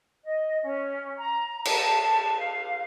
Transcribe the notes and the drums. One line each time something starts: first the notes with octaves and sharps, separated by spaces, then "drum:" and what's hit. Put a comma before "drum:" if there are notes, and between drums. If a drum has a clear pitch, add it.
D#5
C#4
A#5
A5, drum: cymbal
F5